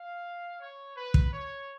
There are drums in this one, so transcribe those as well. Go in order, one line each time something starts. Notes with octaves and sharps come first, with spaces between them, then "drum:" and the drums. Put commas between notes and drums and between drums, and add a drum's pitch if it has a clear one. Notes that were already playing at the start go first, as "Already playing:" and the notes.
Already playing: F5
C#5
B4
drum: kick
C#5